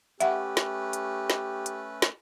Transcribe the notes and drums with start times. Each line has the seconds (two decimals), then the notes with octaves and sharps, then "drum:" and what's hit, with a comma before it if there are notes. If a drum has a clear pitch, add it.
0.20 A3 C#4 G4 B4 E5 F#5, drum: hi-hat
0.57 drum: snare
0.93 drum: hi-hat
1.30 drum: snare
1.66 drum: hi-hat
2.02 drum: snare